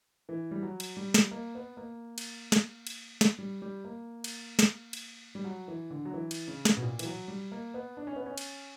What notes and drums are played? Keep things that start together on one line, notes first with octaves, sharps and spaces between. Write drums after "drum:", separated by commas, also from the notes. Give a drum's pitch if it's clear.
E3
G3
F#3
drum: cymbal
G3
drum: snare
A#3
B3
A#3
drum: cymbal
drum: snare
drum: cymbal
drum: snare
G3
G3
A#3
drum: cymbal
drum: snare
drum: cymbal
G3
F#3
E3
D3
F#3
E3
drum: cymbal
C#3
drum: snare
B2
A#2
E3, drum: cymbal
F#3
G3
A#3
B3
D4
C#4
B3
C#4
drum: cymbal